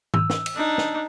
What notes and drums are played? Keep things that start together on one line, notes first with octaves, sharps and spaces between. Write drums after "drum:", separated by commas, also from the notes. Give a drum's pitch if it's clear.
E6, drum: tom
drum: snare
drum: cymbal
D4 D#4
drum: snare